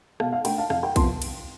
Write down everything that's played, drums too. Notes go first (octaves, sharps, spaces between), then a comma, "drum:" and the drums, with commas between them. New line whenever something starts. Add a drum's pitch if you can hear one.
B2 F5 A5, drum: rim click
F5
A3 D4 G5, drum: cymbal
F5 A5
F2 F5, drum: rim click
G5
C3 F3 B3 A5 C6, drum: kick A#1, cymbal
drum: cymbal